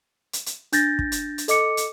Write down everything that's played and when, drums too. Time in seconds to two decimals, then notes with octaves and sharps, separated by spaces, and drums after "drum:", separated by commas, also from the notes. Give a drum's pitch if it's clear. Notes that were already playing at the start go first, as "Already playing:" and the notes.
0.33 drum: hi-hat
0.46 drum: hi-hat
0.72 D4 G6 A6 A#6, drum: hi-hat
0.99 drum: kick
1.12 drum: hi-hat
1.38 drum: hi-hat
1.48 A4 D#5 D6 C#7, drum: hi-hat
1.77 drum: hi-hat